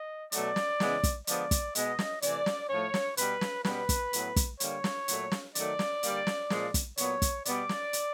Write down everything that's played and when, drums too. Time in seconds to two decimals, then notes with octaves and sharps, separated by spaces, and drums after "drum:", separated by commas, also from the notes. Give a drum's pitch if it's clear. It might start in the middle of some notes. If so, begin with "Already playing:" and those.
Already playing: D#5
0.32 B2 F#3 A3 D5, drum: hi-hat
0.56 drum: snare
0.80 C#3 E3 G#3 B3, drum: snare
1.03 drum: kick, hi-hat
1.27 D3 F3 G#3 B3 D5, drum: hi-hat
1.51 drum: kick, hi-hat
1.75 B2 G#3 B3 D#5, drum: hi-hat
1.99 drum: snare
2.22 C3 E3 A3 D5, drum: hi-hat
2.46 drum: snare
2.69 A2 F3 A3 C#5
2.94 drum: snare
3.17 B2 G3 B3 B4, drum: hi-hat
3.41 drum: snare
3.65 B2 G3 B3 B4, drum: snare
3.89 drum: kick, hi-hat
4.13 A2 F#3 B3, drum: hi-hat
4.36 drum: kick, hi-hat
4.60 D3 G3 A#3 C#5, drum: hi-hat
4.84 drum: snare
5.08 A#2 F#3 A3, drum: hi-hat
5.31 drum: snare
5.55 D#3 F#3 A3 D5, drum: hi-hat
5.79 drum: snare
6.03 D3 G3 A#3, drum: hi-hat
6.27 drum: snare
6.50 A#2 F3 G#3, drum: snare
6.74 drum: kick, hi-hat
6.97 A#2 F#3 B3 C#5, drum: hi-hat
7.22 drum: kick, hi-hat
7.45 B2 G3 B3 D5, drum: hi-hat
7.69 drum: snare
7.93 drum: hi-hat